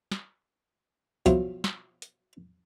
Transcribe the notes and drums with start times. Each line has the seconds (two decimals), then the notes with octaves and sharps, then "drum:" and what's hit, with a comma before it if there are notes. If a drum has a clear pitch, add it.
0.12 drum: snare
1.26 B2 F3 F#3 E4 F4, drum: kick C2, hi-hat
1.64 drum: snare
2.02 drum: hi-hat